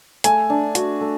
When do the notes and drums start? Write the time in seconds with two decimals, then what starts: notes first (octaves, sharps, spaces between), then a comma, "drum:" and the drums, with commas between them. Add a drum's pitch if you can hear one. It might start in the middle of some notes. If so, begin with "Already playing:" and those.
0.24 A3 G#5, drum: hi-hat
0.50 D4
0.75 F#4, drum: hi-hat
1.01 A3